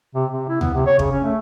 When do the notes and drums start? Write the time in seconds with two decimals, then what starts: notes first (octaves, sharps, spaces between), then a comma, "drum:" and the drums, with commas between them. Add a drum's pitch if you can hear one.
0.15 C3
0.32 C3
0.49 E4
0.61 B3, drum: tom D2
0.74 C3
0.87 C#5
0.99 C#3, drum: kick
1.12 C#4
1.24 A3